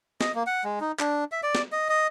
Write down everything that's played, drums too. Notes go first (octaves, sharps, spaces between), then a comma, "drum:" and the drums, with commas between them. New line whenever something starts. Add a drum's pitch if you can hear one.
D#5, drum: snare
A#3
F#5
G#3
D#4
D4, drum: clap
E5
D5
drum: snare
D#5
D#5